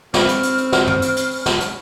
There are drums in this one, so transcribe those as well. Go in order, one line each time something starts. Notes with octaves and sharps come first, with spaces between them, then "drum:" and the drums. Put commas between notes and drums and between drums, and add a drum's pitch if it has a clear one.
C4 B5 C#6 F6, drum: snare
drum: hi-hat
drum: hi-hat
drum: hi-hat
drum: snare
drum: tom
drum: hi-hat
drum: hi-hat
drum: open hi-hat
drum: snare
drum: hi-hat